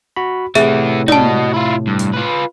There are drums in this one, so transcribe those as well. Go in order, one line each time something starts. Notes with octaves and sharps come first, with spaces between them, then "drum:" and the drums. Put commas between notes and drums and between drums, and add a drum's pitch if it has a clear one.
F#4 B5
A2 C3 E3 B3 G#4 E5, drum: hi-hat
F#4 D5 D#5 A5, drum: tom
E4 F4
G2
drum: hi-hat
F4 B4